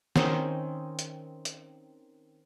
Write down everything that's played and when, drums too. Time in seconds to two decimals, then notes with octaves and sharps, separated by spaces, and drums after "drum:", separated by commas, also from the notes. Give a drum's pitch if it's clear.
0.16 D#3 C4 C#4 D#4, drum: snare
0.99 drum: hi-hat
1.45 drum: hi-hat